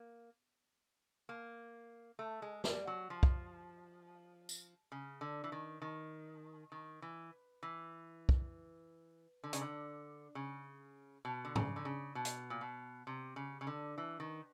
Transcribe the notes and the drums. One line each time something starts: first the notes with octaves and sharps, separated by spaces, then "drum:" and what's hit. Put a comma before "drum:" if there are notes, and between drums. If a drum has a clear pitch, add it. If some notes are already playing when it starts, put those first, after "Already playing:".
Already playing: A#3
A#3
A3
G#3
G3, drum: snare
F#3
F3
drum: kick
drum: tambourine
C#3
D3
E3
D#3
D#3
D#3
E3
E3
drum: kick
D3
C#3, drum: hi-hat
D3
C#3
B2
D3
C#3, drum: tom G#2
D3
C#3
B2
drum: hi-hat
A#2
B2
C3
C#3
C#3
D3
E3
D#3